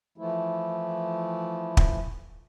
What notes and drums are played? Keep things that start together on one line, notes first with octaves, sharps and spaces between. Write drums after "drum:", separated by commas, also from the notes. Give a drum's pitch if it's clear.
E3 F3 A3 E4
drum: kick